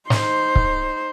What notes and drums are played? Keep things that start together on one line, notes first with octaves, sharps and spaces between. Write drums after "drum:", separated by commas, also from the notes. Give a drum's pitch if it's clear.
D#4 C5, drum: snare
drum: kick